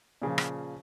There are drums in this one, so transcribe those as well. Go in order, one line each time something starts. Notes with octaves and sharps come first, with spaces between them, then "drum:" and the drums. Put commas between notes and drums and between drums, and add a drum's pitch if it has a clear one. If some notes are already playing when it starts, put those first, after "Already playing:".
A#2 C#3 F3
drum: rim click